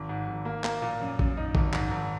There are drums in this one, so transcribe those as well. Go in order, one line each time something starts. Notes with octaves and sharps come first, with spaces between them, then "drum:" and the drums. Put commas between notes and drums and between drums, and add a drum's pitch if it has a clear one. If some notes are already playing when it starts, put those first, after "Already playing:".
Already playing: G#1
G#2
G#1
A#3
A#3, drum: clap
A#2
F#2
F#2, drum: kick A#1
D#4
G#1, drum: kick A#1
G#2, drum: clap
G#1